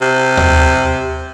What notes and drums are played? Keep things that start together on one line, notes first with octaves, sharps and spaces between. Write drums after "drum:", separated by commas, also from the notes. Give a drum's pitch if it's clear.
C3
drum: tom D#2